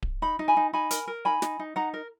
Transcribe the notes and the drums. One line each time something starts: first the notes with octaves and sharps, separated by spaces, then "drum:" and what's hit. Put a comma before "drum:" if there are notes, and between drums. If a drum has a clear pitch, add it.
drum: kick D1
D#4 B5
D#4
G#5 B5
D#4
D#4 G#5 B5
A#4, drum: hi-hat
A#4
D#4 G#5 B5
D#4, drum: snare
D#4
D#4 F#5 A#5
A#4